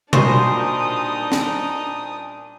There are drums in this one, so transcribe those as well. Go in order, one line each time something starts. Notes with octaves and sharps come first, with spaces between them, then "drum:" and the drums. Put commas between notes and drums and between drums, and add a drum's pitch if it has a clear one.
A#2 G3 D4 D#4 F#4 C5 D#5 D#6, drum: tom B2
drum: snare